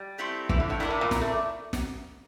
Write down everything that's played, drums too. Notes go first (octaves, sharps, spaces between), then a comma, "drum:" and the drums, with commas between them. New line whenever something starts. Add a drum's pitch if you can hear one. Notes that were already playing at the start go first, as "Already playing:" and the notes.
Already playing: G3
A3 C4 E4 G4
E3, drum: kick
D3
A2
G2 E4 A#4 D5
A2
A#2
drum: snare
A3
drum: snare